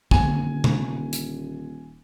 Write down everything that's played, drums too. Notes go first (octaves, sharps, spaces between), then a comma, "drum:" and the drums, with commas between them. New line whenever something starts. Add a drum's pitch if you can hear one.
D#1 D3 A#3 C4 G#5, drum: kick
drum: tom C3
drum: hi-hat